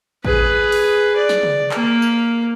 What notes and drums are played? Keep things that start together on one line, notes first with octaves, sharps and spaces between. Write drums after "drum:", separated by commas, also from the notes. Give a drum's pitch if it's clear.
G#4 B4, drum: kick
drum: open hi-hat
D5
drum: snare
drum: tom
A#3 A#4, drum: clap
drum: tambourine